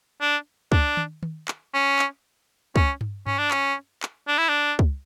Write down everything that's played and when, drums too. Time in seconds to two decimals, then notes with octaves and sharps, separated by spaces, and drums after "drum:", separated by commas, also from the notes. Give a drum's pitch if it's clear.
0.21 D4
0.72 D4, drum: kick
0.97 drum: tom D#3
1.23 drum: tom D#3
1.48 drum: clap
1.74 C#4
1.99 drum: clap
2.76 C#4, drum: kick
3.01 drum: tom G2
3.27 C#4, drum: tom G2
3.38 D4
3.51 C#4, drum: clap
4.03 drum: clap
4.28 D4
4.38 E4
4.49 D4
4.79 drum: kick